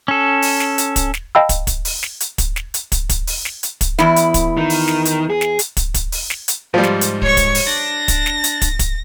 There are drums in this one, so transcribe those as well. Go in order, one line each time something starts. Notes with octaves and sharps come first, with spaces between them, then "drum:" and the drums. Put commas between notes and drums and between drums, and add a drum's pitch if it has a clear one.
C#4 A4
drum: open hi-hat
drum: snare
drum: hi-hat
drum: kick, hi-hat
drum: snare
D#5 F5 G5 A5 B5 E6
drum: kick, hi-hat
drum: kick, hi-hat
drum: open hi-hat
drum: snare
drum: hi-hat
drum: kick, hi-hat
drum: snare
drum: hi-hat
drum: kick, hi-hat
drum: kick, hi-hat
drum: open hi-hat
drum: snare
drum: hi-hat
drum: kick, hi-hat
E2 E4, drum: snare
drum: hi-hat
drum: kick, hi-hat
D#3
drum: open hi-hat
drum: snare
drum: hi-hat
G#4
drum: snare
drum: hi-hat
drum: kick, hi-hat
drum: kick, hi-hat
drum: open hi-hat
drum: snare
drum: hi-hat
G#2 F3 G3
drum: snare
drum: hi-hat
C#5 C#6, drum: kick
drum: kick, hi-hat
drum: open hi-hat
D4 A#6
drum: kick, hi-hat
drum: snare
drum: hi-hat
drum: kick, hi-hat
drum: kick, hi-hat